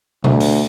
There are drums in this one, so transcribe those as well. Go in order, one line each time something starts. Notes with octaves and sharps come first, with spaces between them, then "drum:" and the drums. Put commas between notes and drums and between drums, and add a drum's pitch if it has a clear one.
D2, drum: tom B2
drum: open hi-hat